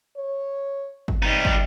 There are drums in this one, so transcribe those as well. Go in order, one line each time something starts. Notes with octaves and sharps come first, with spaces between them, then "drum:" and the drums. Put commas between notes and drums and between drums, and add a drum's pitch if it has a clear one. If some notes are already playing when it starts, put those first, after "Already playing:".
C#5
drum: kick
C3 G3 D#4
drum: kick